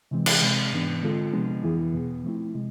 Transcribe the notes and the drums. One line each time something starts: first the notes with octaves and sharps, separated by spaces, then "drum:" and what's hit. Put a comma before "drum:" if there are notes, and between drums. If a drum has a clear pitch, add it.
C3 E3 G#3 C4
drum: cymbal
C3 G#3 C4
G#2 E3 B3 D4
D3 G#3 C4 F4 A4
C3 F3 G#3 B3 D4
F2 E3 B3 E4 G#4
E2 B2 B3
F3 A3 C4 E4
C3 G#3